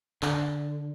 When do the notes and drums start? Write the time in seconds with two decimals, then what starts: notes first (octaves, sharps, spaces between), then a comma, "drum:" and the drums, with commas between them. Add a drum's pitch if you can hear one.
0.23 D3, drum: clap